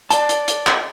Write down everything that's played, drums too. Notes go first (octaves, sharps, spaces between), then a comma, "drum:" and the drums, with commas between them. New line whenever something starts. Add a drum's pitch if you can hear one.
D5 A5, drum: hi-hat
drum: hi-hat
drum: hi-hat
drum: clap